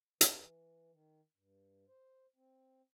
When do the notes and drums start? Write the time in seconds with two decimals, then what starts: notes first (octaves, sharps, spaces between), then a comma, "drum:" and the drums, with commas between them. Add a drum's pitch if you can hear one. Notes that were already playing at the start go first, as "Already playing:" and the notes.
0.21 E3, drum: hi-hat
0.92 D#3
1.36 G2
1.88 C5
2.36 C4